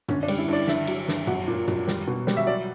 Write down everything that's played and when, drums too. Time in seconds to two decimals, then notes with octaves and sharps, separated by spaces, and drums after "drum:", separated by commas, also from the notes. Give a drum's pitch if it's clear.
0.08 D3 C#4, drum: tom
0.23 D4
0.28 G3, drum: cymbal
0.38 E4
0.48 G2 D5
0.68 D3 E5, drum: snare
0.87 F#3, drum: cymbal
1.08 G2, drum: snare
1.27 F#3 F#5, drum: tom
1.48 A#2
1.68 F#3, drum: tom
1.88 G3, drum: snare
2.07 B2
2.27 G3, drum: snare
2.37 E5
2.47 F#3 D5